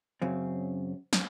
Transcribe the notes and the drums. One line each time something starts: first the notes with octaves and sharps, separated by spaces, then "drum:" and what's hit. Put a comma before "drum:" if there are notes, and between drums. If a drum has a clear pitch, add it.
F#2 C#3 C4
drum: snare